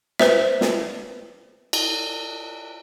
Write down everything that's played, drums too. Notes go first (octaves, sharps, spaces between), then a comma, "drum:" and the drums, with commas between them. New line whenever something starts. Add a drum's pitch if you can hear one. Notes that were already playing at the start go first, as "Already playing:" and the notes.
B4 C5 E5, drum: snare
drum: snare
drum: cymbal